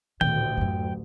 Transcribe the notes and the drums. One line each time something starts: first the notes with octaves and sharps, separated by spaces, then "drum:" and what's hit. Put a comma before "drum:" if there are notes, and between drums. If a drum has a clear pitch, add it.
A1 D2 A#2 G5, drum: tom D#3
F#2 F#3